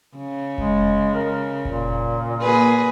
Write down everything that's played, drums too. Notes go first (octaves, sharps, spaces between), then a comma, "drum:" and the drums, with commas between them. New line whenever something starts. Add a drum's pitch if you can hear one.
C#3
G#3, drum: kick F1
A#4
A#2, drum: kick F1
A#3 G#4 B4